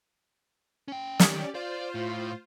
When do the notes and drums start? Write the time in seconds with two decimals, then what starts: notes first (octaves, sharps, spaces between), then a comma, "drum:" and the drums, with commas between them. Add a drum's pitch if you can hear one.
0.88 C#4 G5
1.20 D#3 C#4 G4 D5, drum: snare
1.55 F4 C5 D5
1.95 A2